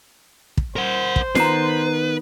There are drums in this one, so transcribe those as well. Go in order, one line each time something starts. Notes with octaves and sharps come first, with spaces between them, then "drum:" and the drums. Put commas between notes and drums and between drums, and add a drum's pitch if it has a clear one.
drum: kick
A#4 C5 F#5
drum: kick
D#3 B3 B4 A#5 C7, drum: snare